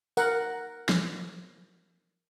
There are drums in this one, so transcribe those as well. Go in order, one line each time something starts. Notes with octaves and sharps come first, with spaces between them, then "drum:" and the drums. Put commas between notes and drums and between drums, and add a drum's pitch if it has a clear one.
A#4 F#5, drum: tambourine
drum: snare F3